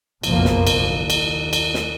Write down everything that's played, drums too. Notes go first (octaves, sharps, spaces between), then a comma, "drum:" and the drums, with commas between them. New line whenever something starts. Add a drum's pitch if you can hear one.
F#1 B1 F2 B2 F3 A#3, drum: cymbal
drum: snare
drum: cymbal
D#2
drum: cymbal
drum: cymbal
drum: snare